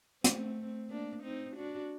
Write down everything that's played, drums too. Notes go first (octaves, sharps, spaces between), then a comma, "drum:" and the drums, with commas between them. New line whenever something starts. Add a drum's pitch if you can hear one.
A3 C4, drum: hi-hat
A#3 D4
C4 D#4
D4 F#4